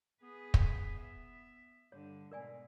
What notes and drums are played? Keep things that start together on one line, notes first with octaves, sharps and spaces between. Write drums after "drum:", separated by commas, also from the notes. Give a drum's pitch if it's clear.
B3 G#4 B4
drum: kick
E5
G2 D3 C#5
G#2 B2 A#4 D5 G#5